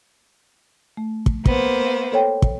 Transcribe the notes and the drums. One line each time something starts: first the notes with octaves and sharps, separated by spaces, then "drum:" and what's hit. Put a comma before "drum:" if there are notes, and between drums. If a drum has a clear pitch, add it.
A3
drum: kick
A#3 B3 C5, drum: kick
A4 C#5 G5
drum: kick